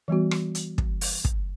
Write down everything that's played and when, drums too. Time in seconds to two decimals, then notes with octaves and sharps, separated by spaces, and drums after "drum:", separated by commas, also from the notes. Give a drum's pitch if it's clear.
0.08 E3 G3 B3 F#4
0.31 drum: rim click
0.55 drum: hi-hat
0.78 drum: kick
1.01 drum: open hi-hat
1.25 drum: kick